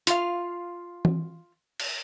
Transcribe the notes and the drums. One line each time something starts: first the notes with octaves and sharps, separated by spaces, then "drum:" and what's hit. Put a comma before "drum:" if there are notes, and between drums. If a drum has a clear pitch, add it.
F4 F5, drum: hi-hat
drum: tom E3
drum: cymbal